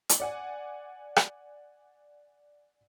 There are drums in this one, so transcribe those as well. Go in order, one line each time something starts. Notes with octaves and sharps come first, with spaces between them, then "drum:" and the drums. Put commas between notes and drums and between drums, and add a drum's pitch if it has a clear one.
drum: hi-hat
D5 F#5 G#5
drum: rim click